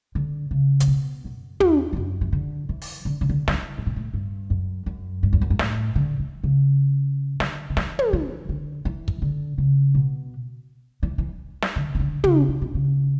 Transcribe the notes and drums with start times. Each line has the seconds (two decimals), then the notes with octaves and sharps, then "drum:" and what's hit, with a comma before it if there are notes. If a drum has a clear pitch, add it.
0.15 D3
0.51 C#3
0.80 A2, drum: hi-hat
0.87 B2
1.24 F#2
1.60 E2, drum: tom
1.93 E2
1.96 F#2
2.21 E3
2.32 D3
2.69 E3
2.82 drum: open hi-hat
3.05 D3
3.21 C#3
3.29 D3
3.48 D3, drum: snare
3.54 E3
3.78 A2
3.87 B2
3.96 A2
4.14 G2
4.50 F#2
4.86 F#2
5.23 G2
5.33 E2
5.41 F#2
5.50 G2
5.59 A2, drum: snare
5.95 D3
6.20 E3
6.44 C#3
7.40 D3, drum: snare
7.70 D3
7.77 E3, drum: snare
7.99 drum: tom
8.13 E3
8.49 D3
8.85 E3
9.08 drum: kick
9.22 D3
9.58 C#3
9.94 B2
11.03 E3
11.18 E3
11.62 drum: snare
11.76 D3
11.95 C#3
11.99 D3
12.24 C#3, drum: tom
12.49 C#3
12.62 B2
12.74 C#3